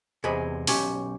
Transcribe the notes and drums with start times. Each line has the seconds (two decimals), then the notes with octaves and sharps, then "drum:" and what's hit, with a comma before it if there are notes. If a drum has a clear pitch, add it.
0.24 E2 C3 G#3 G#4 B5
0.67 B1 C#4 G4, drum: open hi-hat